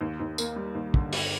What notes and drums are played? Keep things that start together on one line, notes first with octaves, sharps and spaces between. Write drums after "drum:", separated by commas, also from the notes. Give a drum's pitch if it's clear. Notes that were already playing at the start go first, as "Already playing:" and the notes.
D#2
D#2
A#3, drum: tambourine
G3
D#2
D3, drum: kick
G1, drum: open hi-hat